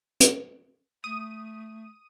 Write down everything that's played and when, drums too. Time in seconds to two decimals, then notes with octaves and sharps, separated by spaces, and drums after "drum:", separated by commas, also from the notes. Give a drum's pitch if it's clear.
0.20 drum: hi-hat
1.04 A3 D#6 D#7